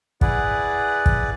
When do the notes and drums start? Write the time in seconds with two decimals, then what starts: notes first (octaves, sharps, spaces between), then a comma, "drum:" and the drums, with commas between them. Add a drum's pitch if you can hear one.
0.21 E4 G#4 B4 D5 F#5, drum: kick
1.06 drum: kick